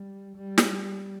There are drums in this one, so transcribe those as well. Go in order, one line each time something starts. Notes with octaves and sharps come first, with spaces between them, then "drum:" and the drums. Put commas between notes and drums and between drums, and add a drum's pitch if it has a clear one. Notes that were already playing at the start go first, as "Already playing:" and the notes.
Already playing: G3
G3
drum: snare